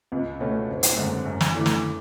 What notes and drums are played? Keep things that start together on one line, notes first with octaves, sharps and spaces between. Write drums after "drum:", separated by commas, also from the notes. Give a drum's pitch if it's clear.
C#2
B2 A3 C#4
F#1
drum: hi-hat
F#2 D3 G#3
F#2
drum: snare
E3 A3 D4
drum: snare